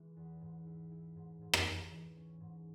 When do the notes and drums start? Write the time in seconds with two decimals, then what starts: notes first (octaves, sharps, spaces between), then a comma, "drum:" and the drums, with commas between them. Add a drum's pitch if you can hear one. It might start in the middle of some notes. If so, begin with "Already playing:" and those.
Already playing: E3 G#3
0.16 E2
0.41 G#2
0.66 E4
0.91 E4
1.16 G#2
1.41 G#2
1.53 drum: rim click
1.66 E4
1.91 E3
2.16 C#4
2.40 G#2